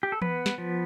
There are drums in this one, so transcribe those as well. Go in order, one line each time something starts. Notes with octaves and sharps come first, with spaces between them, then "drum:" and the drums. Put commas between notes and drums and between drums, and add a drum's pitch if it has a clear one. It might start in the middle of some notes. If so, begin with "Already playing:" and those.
G4
A4
B3 B4, drum: tom E3
drum: snare
F3